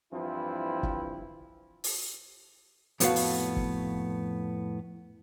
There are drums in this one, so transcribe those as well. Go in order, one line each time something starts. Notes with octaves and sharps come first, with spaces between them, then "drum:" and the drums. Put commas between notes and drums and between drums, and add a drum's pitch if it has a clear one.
G2 E3 F3 C4 E4
drum: kick
drum: open hi-hat
F2 A2 B3 F#4 B4 F5, drum: hi-hat
drum: open hi-hat
drum: kick